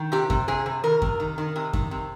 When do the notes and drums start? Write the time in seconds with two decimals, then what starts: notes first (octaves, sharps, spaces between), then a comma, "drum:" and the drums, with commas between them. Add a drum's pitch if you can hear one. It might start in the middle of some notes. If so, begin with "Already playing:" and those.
Already playing: D#3
0.12 C3 G4
0.30 C3, drum: kick F#2
0.48 C3 G#4
0.66 C3
0.84 D#3 A#4
1.02 C3, drum: kick F#2
1.20 D#3
1.38 D#3
1.56 C3
1.73 D#3, drum: kick F#2
1.91 C3